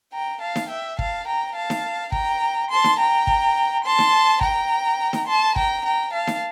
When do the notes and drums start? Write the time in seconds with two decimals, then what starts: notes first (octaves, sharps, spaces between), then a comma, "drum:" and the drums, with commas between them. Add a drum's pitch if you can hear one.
0.12 G5 A#5
0.41 F5 A5
0.56 drum: snare D#4
0.69 E5 G5
0.99 F5 A5, drum: kick
1.26 G5 A#5
1.55 F5 A5
1.70 drum: snare D#4
2.12 G5 A#5, drum: kick
2.70 A5 C6
2.84 drum: snare D#4
2.99 G5 A#5
3.27 drum: kick
3.84 A5 C6
3.99 drum: snare D#4
4.41 G5 A#5, drum: kick
5.13 drum: snare D#4
5.28 A5 C6
5.56 G5 A#5, drum: kick
5.85 G5 A#5
6.12 F5 A5
6.27 drum: snare D#4